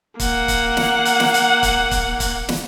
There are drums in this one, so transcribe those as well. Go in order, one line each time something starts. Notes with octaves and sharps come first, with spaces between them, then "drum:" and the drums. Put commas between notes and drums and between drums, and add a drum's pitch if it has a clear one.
A#3 F#5, drum: kick, hi-hat
drum: kick, hi-hat
drum: snare
drum: hi-hat
drum: snare
drum: hi-hat
drum: kick, hi-hat
drum: kick, hi-hat
drum: kick, hi-hat
drum: snare